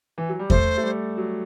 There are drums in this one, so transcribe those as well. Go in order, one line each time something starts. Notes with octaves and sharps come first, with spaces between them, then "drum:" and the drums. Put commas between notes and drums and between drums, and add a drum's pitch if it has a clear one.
E3
F#3
G3
A3 C5, drum: kick E2
A3
G3
F#3